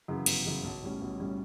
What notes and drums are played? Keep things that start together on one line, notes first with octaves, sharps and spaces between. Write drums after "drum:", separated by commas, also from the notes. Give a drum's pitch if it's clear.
F#2 C#3 E3
G1, drum: cymbal
F#2 C#3 E3
B1
A2 G3 C#4
B1
A2 G3 C#4